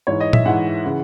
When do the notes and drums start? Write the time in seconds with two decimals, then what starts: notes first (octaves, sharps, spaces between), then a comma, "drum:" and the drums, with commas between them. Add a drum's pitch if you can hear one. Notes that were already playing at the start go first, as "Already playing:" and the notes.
0.07 G#2 E3 C#5
0.20 D#5
0.33 E5, drum: tom A#2
0.45 G#2 E3 F#5
0.85 C#3 E3